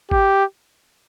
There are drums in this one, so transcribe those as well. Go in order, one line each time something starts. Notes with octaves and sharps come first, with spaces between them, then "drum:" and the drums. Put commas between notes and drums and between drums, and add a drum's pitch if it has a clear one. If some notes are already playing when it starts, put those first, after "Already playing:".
G4, drum: kick G#1